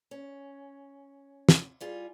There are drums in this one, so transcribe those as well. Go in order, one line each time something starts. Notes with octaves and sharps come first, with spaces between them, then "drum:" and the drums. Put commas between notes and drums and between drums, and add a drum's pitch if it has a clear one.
C#4
drum: snare
G3 F4 G#4